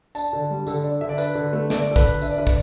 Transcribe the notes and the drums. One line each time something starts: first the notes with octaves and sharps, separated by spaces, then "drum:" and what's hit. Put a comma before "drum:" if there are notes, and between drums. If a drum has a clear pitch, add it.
D4 A5, drum: tambourine
D3
G3
D3 A4, drum: tambourine
D4
D3 E5
D5
D4 B4, drum: tambourine
D3
A3
D3 D5, drum: snare
D4 A4
B4, drum: kick, tambourine
D3
D4 E5, drum: tambourine
D5
D3 B4
D5, drum: kick, tambourine